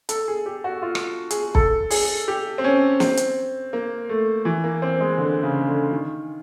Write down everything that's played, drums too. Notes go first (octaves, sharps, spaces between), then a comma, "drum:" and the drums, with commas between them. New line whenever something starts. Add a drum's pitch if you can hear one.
A4, drum: hi-hat
G#4
G4
F#4
F4
drum: rim click
G#4, drum: hi-hat
A4, drum: kick
G#4, drum: open hi-hat
G4
C4
C#4
C4, drum: snare
drum: hi-hat
A#3
A3
E3
A#3
C4
G#3
D3
C#3
D3
D#3